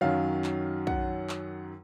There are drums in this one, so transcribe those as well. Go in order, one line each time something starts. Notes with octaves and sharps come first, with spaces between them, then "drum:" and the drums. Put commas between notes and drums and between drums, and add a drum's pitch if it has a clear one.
F#2 D#3 F#3 F5
drum: clap
F#5, drum: kick
drum: clap